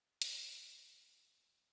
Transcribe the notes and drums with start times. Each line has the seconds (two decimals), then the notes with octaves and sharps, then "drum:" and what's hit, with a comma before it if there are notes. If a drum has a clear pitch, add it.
0.22 C#2 B3 C#4 D#4 F4 G4 A#4, drum: hi-hat